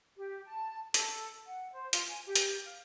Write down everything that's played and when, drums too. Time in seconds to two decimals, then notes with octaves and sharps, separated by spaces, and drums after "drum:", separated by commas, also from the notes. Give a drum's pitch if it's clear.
0.18 G4
0.47 A5
0.94 A4, drum: hi-hat
1.47 F#5
1.73 C5
1.93 F4, drum: hi-hat
2.08 G#5
2.26 G4
2.35 drum: hi-hat
2.65 F5